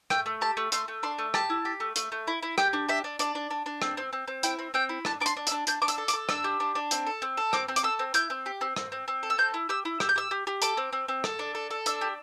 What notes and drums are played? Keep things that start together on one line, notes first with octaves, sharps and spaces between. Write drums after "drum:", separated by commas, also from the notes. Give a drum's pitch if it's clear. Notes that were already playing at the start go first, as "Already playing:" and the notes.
A3 G5, drum: rim click
A3
G4 A5
A3
A3 C6, drum: hi-hat
A3
D4 C6
A3
G4 A5, drum: rim click
E4
G4
A3
A3, drum: hi-hat
A3
E4
E4
G4 G5, drum: rim click
D4
G4 E5
D4
D4 D5, drum: hi-hat
D4
D4
D4
C4, drum: rim click
C4
C4
C4
E4 G5, drum: hi-hat
C4
C4 G5
E4
D4 A5, drum: rim click
D4 D6
C6, drum: hi-hat
D4
E6, drum: hi-hat
D4
D4 G6, drum: hi-hat
D4 D6
E6, drum: hi-hat
A4
D6, drum: hi-hat
A4
D4 E6, drum: rim click
G4
D4
D4
C4, drum: hi-hat
A4
C4
A4
C4 D6, drum: rim click
C4
D6, drum: hi-hat
A4 E6
C4
E4 G6, drum: hi-hat
C4
G4
C4
C4, drum: rim click
C4
C4
A4
E6
C4 G6
E4
G4 E6
E4
G4 E6, drum: rim click
G6
G4 E6
G4
G4
A4 D6, drum: hi-hat
C4
C4
C4
A4, drum: rim click
D4
A4
A4
D4 E6, drum: hi-hat
G4